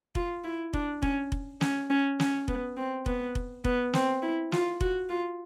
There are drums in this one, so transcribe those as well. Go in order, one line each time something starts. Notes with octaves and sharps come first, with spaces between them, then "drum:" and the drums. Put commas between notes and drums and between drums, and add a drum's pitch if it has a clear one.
F4, drum: kick F1
E4
D4, drum: kick F1
C#4, drum: kick F1
drum: kick F1
C#4, drum: snare
C#4
C#4, drum: snare
B3, drum: kick F1
C4
B3, drum: kick F1
drum: kick F1
B3, drum: kick F1
C4, drum: snare
E4
F4, drum: snare
F#4, drum: kick F1
F4